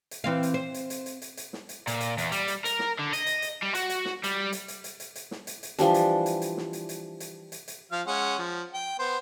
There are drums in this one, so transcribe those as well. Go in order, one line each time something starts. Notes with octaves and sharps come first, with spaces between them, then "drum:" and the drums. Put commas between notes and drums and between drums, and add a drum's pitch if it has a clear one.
drum: hi-hat
E3 C4 F5
drum: hi-hat
C5
drum: hi-hat
drum: hi-hat
drum: hi-hat
drum: hi-hat
drum: hi-hat
drum: snare
drum: hi-hat
A#2, drum: hi-hat
drum: hi-hat
E2, drum: hi-hat
G3, drum: hi-hat
drum: hi-hat
A#4, drum: hi-hat
drum: snare
D3
D#5, drum: hi-hat
drum: hi-hat
drum: hi-hat
G3
F#4, drum: hi-hat
drum: hi-hat
drum: snare
G3, drum: hi-hat
drum: hi-hat
drum: hi-hat
drum: hi-hat
drum: hi-hat
drum: hi-hat
drum: snare
drum: hi-hat
drum: hi-hat
E3 F3 G3 D4, drum: hi-hat
drum: hi-hat
drum: hi-hat
drum: hi-hat
drum: snare
drum: hi-hat
drum: hi-hat
drum: hi-hat
drum: hi-hat
drum: hi-hat
F3 F5
G#3 C#4 F#5
F3
G5
B3 C5